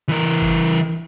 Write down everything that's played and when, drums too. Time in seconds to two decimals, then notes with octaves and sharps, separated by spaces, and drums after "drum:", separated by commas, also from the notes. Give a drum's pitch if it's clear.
0.09 E3 A#4
0.42 drum: kick G1